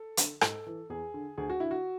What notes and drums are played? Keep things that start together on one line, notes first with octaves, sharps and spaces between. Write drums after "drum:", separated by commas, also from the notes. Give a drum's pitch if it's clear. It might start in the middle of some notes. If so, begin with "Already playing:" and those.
Already playing: A4
D3, drum: hi-hat
G#2 A4, drum: rim click
E3
E2 G#4
D3
D2 G#4
F#4
D3 E4
F#4